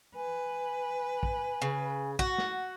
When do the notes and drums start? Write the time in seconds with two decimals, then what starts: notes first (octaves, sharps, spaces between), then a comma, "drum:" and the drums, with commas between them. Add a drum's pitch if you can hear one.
0.16 B4 G#5
1.23 drum: kick
1.62 C#3
2.19 F#4 F#5, drum: kick
2.38 drum: snare